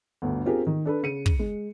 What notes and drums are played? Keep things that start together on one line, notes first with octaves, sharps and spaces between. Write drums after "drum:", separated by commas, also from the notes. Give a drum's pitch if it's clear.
G1 D2
C4 F4 G4 G#4 A#4
D#3
D4 A4 B4
C#3 C#7 D#7
drum: kick
G#3